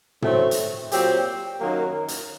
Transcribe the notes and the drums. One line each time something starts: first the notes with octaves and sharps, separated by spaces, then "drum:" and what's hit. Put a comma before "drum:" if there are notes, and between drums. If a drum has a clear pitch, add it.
A2 F#3 A3 C4, drum: tom
drum: hi-hat
A#2 F#3 C4 G4, drum: hi-hat
F#2 D#3 F#3 A#3
drum: hi-hat